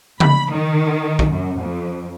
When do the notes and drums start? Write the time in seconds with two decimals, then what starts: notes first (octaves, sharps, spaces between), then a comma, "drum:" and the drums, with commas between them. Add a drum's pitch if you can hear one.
0.20 B5, drum: tom C#3
0.51 D#3
1.19 drum: kick
1.31 F#2
1.61 F2